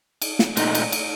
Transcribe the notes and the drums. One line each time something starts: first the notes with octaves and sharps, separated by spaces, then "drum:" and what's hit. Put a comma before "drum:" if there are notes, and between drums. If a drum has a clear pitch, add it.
drum: cymbal
drum: snare
A#2 A3 D#4, drum: cymbal
drum: cymbal
drum: cymbal